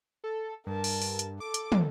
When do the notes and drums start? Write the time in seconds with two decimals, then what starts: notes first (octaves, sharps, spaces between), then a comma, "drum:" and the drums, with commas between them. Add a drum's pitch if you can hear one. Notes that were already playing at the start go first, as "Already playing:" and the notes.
0.24 A4
0.66 G2 A#4 A5
0.84 drum: open hi-hat
1.02 drum: open hi-hat
1.19 drum: hi-hat
1.40 A4 D6
1.54 drum: hi-hat
1.72 drum: tom